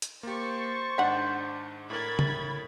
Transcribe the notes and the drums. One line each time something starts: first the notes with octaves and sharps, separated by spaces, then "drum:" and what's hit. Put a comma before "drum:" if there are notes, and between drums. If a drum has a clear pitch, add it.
drum: hi-hat
A#3 G4 C5 C#6 A6
G#2 D#3 D4 F#5 B6
A2 A#4 B5 G#6 A6
drum: tom C#3